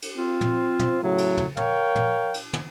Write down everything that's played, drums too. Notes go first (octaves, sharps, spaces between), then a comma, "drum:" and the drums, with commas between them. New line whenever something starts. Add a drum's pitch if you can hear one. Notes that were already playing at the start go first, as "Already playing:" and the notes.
drum: cymbal
C4 F4
drum: tom
drum: tom
A2 C#3 F#3
drum: cymbal
drum: tom
A#4 C#5 F5 G5, drum: tom
drum: tom
drum: cymbal
drum: tom